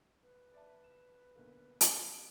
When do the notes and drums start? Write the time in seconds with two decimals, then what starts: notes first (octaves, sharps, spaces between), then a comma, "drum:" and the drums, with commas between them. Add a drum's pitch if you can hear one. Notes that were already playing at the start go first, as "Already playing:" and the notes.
0.23 B4
0.54 D5 E5 A5
0.84 E7
1.35 B1 D3 A#3
1.81 A5, drum: hi-hat